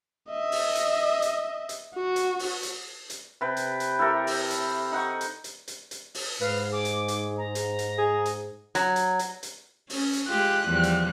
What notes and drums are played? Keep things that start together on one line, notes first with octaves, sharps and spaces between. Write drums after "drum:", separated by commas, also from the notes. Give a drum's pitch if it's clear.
D#5 E5
drum: open hi-hat
drum: hi-hat
drum: hi-hat
drum: hi-hat
F#4
drum: hi-hat
drum: open hi-hat
drum: hi-hat
drum: hi-hat
C3 B4 G5
drum: hi-hat
drum: hi-hat
E4 G4 A4 A#4
drum: open hi-hat
drum: hi-hat
D#4 F#5 C#6
drum: hi-hat
drum: hi-hat
drum: hi-hat
drum: hi-hat
drum: open hi-hat
G#2 B4 F5
G#4 D6
drum: hi-hat
drum: hi-hat
A#5
drum: hi-hat
drum: hi-hat
G#4
drum: hi-hat
F#3, drum: hi-hat
drum: hi-hat
drum: hi-hat
drum: hi-hat
C#4, drum: open hi-hat
drum: hi-hat
G#3 F4 G4 F#6
E2 F3 G3
drum: hi-hat